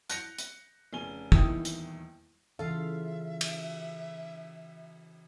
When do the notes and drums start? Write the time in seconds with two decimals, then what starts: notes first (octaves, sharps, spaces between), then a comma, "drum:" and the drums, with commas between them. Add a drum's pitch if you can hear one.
0.10 F#6 G6 A#6 C#7 D7 F7, drum: hi-hat
0.39 drum: hi-hat
0.93 F1 C#3 G#5 G7
1.32 D#1 E2 D#3 E4 G5 D#6, drum: kick
1.65 drum: hi-hat
2.59 C#3 E3 F4 A4 E5 F5
3.41 drum: cymbal